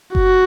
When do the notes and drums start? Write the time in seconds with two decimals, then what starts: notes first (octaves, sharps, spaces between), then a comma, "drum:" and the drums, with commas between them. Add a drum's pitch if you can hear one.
0.15 F#4, drum: kick F#1